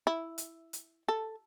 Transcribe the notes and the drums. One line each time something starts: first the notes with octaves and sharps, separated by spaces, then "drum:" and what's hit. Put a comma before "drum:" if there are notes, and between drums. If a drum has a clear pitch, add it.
E4
drum: hi-hat
drum: hi-hat
A4